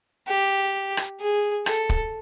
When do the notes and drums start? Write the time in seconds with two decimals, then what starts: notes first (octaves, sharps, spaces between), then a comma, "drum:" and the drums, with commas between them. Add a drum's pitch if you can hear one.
0.28 G4
0.97 drum: rim click
1.20 G#4
1.66 A4, drum: rim click
1.90 drum: kick